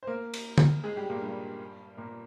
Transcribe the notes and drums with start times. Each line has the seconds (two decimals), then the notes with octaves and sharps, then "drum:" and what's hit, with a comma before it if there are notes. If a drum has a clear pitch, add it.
0.03 C5
0.07 A#3 A#4
0.34 drum: cymbal
0.58 drum: tom
0.84 G#3 G#4
0.96 G3 G4
1.09 A#2 A#3
1.21 G2 G3
1.97 A#2 A#3